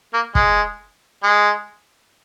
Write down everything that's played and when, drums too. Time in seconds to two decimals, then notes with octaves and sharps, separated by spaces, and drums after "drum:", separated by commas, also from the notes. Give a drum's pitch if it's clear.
0.14 A#3
0.35 G#3, drum: kick
1.24 G#3